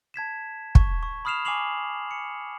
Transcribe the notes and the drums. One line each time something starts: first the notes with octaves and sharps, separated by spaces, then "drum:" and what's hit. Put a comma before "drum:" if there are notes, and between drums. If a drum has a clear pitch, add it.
A5 G#6 B6 E7
C#6, drum: kick
C#6
B5 D#6 F6 C7 E7 F7
G#5 C#6 D6 C7 F7 F#7
C#7